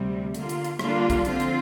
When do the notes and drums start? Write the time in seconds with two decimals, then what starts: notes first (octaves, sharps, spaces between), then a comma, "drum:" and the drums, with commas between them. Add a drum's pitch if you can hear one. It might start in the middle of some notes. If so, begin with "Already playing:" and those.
Already playing: D2 C3 G3
0.34 D3 A#3 F4, drum: hi-hat
0.49 drum: hi-hat
0.64 drum: hi-hat
0.79 D3 G3 A#3 D4 F4, drum: rim click
1.10 drum: kick, hi-hat
1.25 D3 F3 C4 F4, drum: hi-hat
1.40 drum: hi-hat